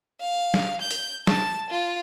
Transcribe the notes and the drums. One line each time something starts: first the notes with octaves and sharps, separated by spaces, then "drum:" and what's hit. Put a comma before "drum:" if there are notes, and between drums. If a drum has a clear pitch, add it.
F5
drum: snare
G6
drum: hi-hat
A5, drum: snare
F4